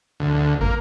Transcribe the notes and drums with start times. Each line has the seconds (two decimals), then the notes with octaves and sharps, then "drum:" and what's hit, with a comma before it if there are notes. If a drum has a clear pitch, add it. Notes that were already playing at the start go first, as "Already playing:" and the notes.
0.20 D2
0.34 D2
0.61 A#3, drum: kick